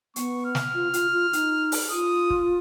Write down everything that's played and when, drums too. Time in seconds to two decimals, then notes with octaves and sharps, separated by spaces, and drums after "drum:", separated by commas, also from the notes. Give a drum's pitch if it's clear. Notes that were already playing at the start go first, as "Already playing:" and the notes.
0.16 B3 C#6, drum: hi-hat
0.45 F6
0.55 drum: snare
0.75 F4
0.94 F4, drum: hi-hat
1.13 F4
1.33 D#4, drum: hi-hat
1.72 drum: open hi-hat
1.91 F4 D#6
2.30 drum: kick